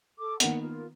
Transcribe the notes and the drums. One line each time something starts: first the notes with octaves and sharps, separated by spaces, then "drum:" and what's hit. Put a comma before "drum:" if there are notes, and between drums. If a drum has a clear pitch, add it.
A4 D6
D#3 A#3 B3 F#5, drum: hi-hat
F4 A#4